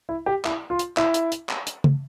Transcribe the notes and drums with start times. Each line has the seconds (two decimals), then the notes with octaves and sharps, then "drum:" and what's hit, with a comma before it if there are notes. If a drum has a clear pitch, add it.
0.09 E4
0.26 G4
0.45 E4, drum: clap
0.70 F4
0.79 drum: hi-hat
0.97 E4, drum: clap
1.14 drum: hi-hat
1.32 drum: hi-hat
1.49 drum: clap
1.67 drum: hi-hat
1.84 drum: tom C#3